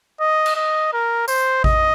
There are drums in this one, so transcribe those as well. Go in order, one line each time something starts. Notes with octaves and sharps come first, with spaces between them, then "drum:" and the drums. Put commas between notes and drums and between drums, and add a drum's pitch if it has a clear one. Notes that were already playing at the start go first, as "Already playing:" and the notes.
D#5
drum: cymbal
D#5
A#4
C5, drum: tambourine
D#5, drum: kick A1